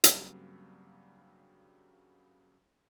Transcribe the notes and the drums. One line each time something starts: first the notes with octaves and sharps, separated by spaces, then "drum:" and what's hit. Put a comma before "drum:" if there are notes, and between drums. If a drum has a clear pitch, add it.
G2 C#3 F#3 G3 A#3 C4, drum: hi-hat